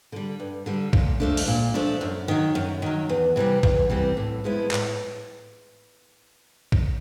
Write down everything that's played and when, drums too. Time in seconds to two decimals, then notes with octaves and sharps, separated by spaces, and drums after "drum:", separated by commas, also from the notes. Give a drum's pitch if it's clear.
0.12 D3 G3
0.40 G2
0.66 D3 G3
0.93 A#2, drum: kick A#1
1.20 F3 A3 D4
1.37 drum: open hi-hat
1.48 A#2
1.74 F3 A3 D4
2.01 F#2
2.28 D#3 F#3
2.55 F#2
2.82 D#3 F#3
3.09 E2
3.36 C3 E3 G3 C4
3.63 E2, drum: kick A#1
3.90 C3 E3 G3 C4
4.17 A2
4.44 F3 G#3 B3 E4
4.71 A2, drum: clap
6.72 drum: kick A#1